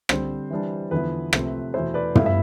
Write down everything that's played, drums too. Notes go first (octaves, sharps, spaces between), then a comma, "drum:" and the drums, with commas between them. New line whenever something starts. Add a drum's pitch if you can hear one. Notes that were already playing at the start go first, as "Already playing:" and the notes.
D3 G3 C4 C5, drum: rim click
E3 G3 D4
E2 D3 F3 B3 E4 B4
C3 F3 A3 C4, drum: rim click
E2 B2 A3 E4 C5
B4 D5
A2 G3 B3 E4 F5, drum: tom
E5